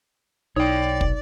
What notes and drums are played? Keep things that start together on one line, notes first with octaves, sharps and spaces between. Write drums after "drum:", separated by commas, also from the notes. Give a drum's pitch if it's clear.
B1 D#4 C#5 D5 G5
drum: kick